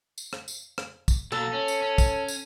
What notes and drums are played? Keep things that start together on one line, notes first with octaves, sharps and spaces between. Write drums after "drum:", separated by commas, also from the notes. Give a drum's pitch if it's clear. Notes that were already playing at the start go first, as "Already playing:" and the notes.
drum: tambourine
drum: rim click
drum: tambourine
drum: rim click
drum: kick, tambourine
B1 F#3 A#3 A4
C#4 C#5
drum: tambourine
C#4
drum: kick, tambourine
drum: tambourine